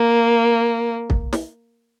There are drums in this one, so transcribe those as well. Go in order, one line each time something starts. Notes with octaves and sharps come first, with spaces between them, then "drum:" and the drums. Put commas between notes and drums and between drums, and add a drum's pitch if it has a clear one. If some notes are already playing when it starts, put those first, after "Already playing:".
Already playing: A#3
drum: kick
drum: snare